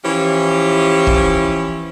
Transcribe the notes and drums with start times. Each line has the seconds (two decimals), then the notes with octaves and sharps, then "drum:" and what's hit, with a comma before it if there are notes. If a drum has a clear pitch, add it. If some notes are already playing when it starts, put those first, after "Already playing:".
0.04 E3 F3 C#4 E4 G4
1.07 drum: kick